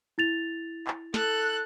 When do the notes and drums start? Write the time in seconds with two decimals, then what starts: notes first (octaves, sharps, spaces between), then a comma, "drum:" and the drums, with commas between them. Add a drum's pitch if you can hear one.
0.18 E4 A6 F7
0.87 drum: clap
1.14 A4 F#6, drum: snare